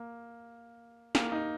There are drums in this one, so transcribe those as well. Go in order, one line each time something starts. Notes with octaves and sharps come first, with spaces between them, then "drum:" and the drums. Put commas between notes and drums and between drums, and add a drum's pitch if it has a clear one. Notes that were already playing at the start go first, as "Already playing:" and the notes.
Already playing: A#3
A#3, drum: snare
D#4